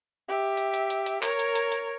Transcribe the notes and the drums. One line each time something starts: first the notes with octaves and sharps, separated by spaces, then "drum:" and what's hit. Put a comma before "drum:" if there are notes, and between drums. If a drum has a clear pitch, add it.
G4 E5
drum: hi-hat
drum: hi-hat
drum: hi-hat
drum: hi-hat
A#4 C#5, drum: clap
drum: hi-hat
drum: hi-hat
drum: hi-hat